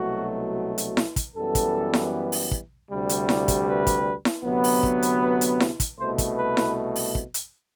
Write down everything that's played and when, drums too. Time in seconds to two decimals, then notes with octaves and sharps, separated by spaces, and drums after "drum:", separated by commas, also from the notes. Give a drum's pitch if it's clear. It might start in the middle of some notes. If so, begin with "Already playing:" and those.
Already playing: C2 B2 F#3 A3 F#4
0.78 drum: hi-hat
0.97 drum: snare E4
1.16 drum: kick, hi-hat
1.36 F#2 E3 G3 B3 A4
1.55 drum: kick, hi-hat
1.93 drum: snare E4
2.32 drum: open hi-hat
2.51 drum: kick
2.91 D2 C3 G3
3.09 drum: hi-hat
3.29 drum: snare E4
3.48 drum: kick, hi-hat
3.67 B4
3.87 drum: kick, hi-hat
4.25 drum: snare E4
4.44 D2 C3 F#3 B3
4.64 drum: open hi-hat
4.83 drum: kick
5.02 drum: hi-hat
5.22 B4
5.41 drum: hi-hat
5.60 drum: snare E4
5.80 drum: kick, hi-hat
5.98 C2 B2 A3 C5
6.18 drum: kick, hi-hat
6.37 B4
6.57 drum: snare E4
6.96 drum: open hi-hat
7.15 drum: kick
7.34 drum: hi-hat